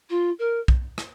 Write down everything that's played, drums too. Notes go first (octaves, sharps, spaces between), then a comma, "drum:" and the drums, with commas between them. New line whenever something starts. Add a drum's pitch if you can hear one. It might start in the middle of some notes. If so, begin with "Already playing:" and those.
F4
A#4
drum: kick
drum: rim click